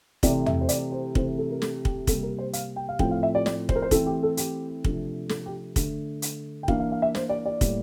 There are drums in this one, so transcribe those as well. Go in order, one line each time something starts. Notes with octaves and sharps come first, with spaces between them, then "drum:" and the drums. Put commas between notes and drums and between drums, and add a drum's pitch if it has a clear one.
C3 E3 A3 C4 D5, drum: kick, hi-hat
E5, drum: tom E2
C5
D5, drum: hi-hat
C5
C3 E3 A3 C4 C5, drum: kick
A4
A#4
A4, drum: snare
G4, drum: kick
C3 G3 A#3 A4, drum: kick, hi-hat
A#4
C5
F5, drum: hi-hat
G5
F5
A2 F3 A3 C4 G5, drum: kick
F5
E5
D5
D5, drum: snare
C5, drum: kick
A#4
C5
E3 A3 C4 A4, drum: kick, hi-hat
G4
A4
G4, drum: hi-hat
C3 F3 A3 D4, drum: kick
A4, drum: snare
G4
D3 A3 D4, drum: kick, hi-hat
drum: hi-hat
G5
E3 A#3 D4 F5, drum: kick
F5
F5
E5
C5, drum: snare
D5
D5
A2 G3 A#3, drum: kick, hi-hat